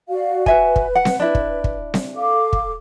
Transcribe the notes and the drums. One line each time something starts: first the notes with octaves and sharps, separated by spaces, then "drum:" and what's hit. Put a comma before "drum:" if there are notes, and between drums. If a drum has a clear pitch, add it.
F#4 D5 F5
F#4 B4 E5 G#5, drum: kick
drum: kick
F#5
drum: snare C4
D4 E4
drum: kick
drum: kick
drum: snare C4
A4 F5 D6
drum: kick